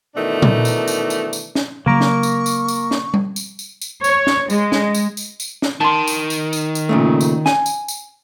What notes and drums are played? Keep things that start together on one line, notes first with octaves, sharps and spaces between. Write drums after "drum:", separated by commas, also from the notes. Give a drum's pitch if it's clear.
B2 D#3 E3 A3 D4 D#4
drum: tom A#2
drum: tambourine
drum: tambourine
drum: tambourine
drum: tambourine
drum: snare
C#3 F#3 A#3 A#4 C#6
drum: snare
drum: tambourine
drum: tambourine
drum: tambourine
drum: snare
drum: tom G3
drum: tambourine
drum: tambourine
drum: tambourine
C#5, drum: tambourine
drum: snare
G#3, drum: tambourine
drum: snare
drum: tambourine
drum: tambourine
drum: tambourine
drum: snare
D#3 A5 C6
drum: tambourine
drum: tambourine
drum: tambourine
drum: tambourine
A#2 C#3 A3
drum: tambourine
G#5, drum: snare
drum: tambourine
drum: tambourine